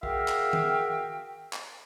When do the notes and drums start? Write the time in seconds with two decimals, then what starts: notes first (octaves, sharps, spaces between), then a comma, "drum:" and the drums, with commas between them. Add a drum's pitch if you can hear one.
0.03 F#4 G#4 A#4 E5 F5 G5, drum: kick B1
0.28 drum: clap
0.53 drum: tom D#3
1.53 drum: clap